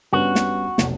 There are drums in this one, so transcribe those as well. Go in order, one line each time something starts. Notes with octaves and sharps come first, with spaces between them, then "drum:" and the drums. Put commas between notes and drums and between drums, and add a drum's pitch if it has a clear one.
G2 B3 C#4 F#4
drum: snare
F1 B1, drum: snare